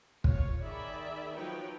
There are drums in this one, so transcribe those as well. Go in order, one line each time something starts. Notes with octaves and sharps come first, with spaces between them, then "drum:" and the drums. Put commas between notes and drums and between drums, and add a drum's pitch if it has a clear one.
F4 C#5, drum: kick
D#3 G#4 D5 E5 B5
F3 F#3 D#4 B4 C#5 G5